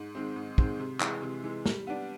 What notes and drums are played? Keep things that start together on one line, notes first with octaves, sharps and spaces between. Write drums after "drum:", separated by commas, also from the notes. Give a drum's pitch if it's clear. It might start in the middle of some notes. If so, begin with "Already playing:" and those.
Already playing: G#2
D#3 G#3 C4
G#2
D#3 G#3 C4, drum: kick
C3
E3 G#3, drum: clap
C3
E3 G#3
G3, drum: snare
B3 D4